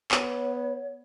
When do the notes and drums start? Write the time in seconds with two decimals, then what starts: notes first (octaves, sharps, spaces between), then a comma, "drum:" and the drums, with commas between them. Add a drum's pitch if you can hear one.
0.11 B3 C#5, drum: clap